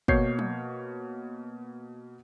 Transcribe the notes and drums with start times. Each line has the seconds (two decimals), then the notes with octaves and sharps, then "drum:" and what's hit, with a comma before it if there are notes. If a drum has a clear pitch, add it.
0.08 B2 A#3 C#5 G6 C7, drum: kick
0.39 drum: tom